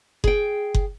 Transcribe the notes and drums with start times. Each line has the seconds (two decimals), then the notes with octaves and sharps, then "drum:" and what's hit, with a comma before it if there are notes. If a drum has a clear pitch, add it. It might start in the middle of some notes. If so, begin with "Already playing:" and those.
0.24 G#4 G5, drum: kick F#1
0.74 drum: kick F#1